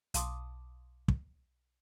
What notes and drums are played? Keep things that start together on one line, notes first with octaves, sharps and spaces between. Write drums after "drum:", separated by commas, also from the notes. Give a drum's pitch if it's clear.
B1 F5 A5 C6 D6 D#6, drum: hi-hat
drum: kick